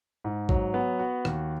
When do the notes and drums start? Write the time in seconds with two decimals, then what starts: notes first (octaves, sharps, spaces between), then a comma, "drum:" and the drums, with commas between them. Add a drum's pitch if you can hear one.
0.24 G#2
0.49 F#3, drum: kick A1
0.74 B3
0.99 F#4
1.25 D#2, drum: rim click